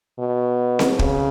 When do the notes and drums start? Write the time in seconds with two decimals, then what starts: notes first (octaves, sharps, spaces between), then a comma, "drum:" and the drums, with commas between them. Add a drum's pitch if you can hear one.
0.19 B2
0.79 drum: snare C4
0.99 C#3, drum: kick